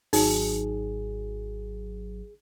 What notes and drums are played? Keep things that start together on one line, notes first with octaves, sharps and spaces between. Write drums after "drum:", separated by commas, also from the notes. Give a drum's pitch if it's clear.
G#1 F#3 D#4 G#4, drum: open hi-hat